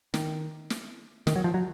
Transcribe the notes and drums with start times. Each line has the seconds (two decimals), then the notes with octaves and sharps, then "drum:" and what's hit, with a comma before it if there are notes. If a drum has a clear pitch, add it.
0.14 D#3, drum: snare
0.70 drum: snare
1.27 D#3, drum: snare
1.36 F#3
1.44 F3
1.54 F#3